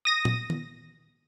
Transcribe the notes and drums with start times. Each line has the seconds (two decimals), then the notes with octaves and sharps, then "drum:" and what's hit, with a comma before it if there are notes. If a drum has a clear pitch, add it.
0.05 D#6 A#6 D#7
0.25 drum: tom A#2
0.50 drum: tom D#3